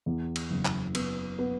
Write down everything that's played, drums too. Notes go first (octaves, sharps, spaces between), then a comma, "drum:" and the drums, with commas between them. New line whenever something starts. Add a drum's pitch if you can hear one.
E2
drum: cymbal
F#1
drum: clap
B3, drum: cymbal
B3